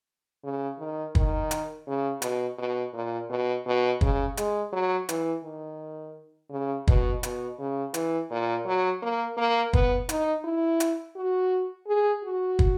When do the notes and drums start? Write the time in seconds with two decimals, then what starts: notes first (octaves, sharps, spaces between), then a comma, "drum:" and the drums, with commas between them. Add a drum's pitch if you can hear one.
0.44 C#3
0.79 D#3
1.15 D#3, drum: kick
1.51 drum: hi-hat
1.87 C#3
2.22 B2, drum: hi-hat
2.58 B2
2.93 A#2
3.30 B2
3.66 B2
4.01 C#3, drum: kick
4.37 G#3, drum: hi-hat
4.72 F#3
5.09 E3, drum: hi-hat
5.44 D#3
6.51 C#3
6.88 B2, drum: kick
7.23 B2, drum: hi-hat
7.59 C#3
7.94 E3, drum: hi-hat
8.31 A#2
8.66 F#3
9.02 A#3
9.37 A#3
9.73 B3, drum: kick
10.09 D#4, drum: hi-hat
10.44 E4
10.80 drum: hi-hat
11.16 F#4
11.87 G#4
12.23 F#4
12.59 drum: kick